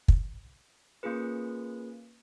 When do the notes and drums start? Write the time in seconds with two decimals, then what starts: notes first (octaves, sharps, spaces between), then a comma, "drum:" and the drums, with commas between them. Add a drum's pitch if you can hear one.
0.08 drum: kick
1.03 A#3 C#4 F4 G#4 B4